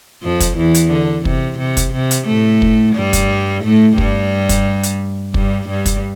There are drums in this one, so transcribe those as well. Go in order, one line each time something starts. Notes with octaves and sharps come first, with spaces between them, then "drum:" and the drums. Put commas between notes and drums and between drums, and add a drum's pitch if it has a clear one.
F2 F3
drum: kick, hi-hat
E2 E3
drum: hi-hat
D3
C3, drum: kick
C3
drum: kick, hi-hat
C3
drum: hi-hat
A2 A3
drum: kick
G2 G3
drum: kick, hi-hat
A2 A3
G2 G3, drum: kick
drum: kick, hi-hat
drum: hi-hat
G2 G3, drum: kick
G2 G3
drum: kick, hi-hat